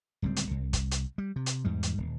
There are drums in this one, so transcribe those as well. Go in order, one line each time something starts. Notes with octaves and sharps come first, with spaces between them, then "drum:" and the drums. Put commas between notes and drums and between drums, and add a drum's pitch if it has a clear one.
D1 C#2 G3 C4
drum: hi-hat
C2
drum: kick, hi-hat
drum: hi-hat
G3
C3
drum: hi-hat
E2 G#2 G3
drum: hi-hat
D#1